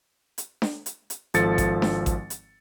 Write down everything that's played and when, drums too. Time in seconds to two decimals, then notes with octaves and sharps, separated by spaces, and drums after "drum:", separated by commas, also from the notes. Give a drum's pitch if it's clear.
0.38 drum: hi-hat
0.62 drum: snare D4
0.86 drum: hi-hat
1.10 drum: hi-hat
1.34 G#1 F3 A4 A6 C#7, drum: hi-hat
1.58 drum: kick A1, hi-hat
1.82 drum: snare D4
2.06 drum: kick A1, hi-hat
2.30 drum: hi-hat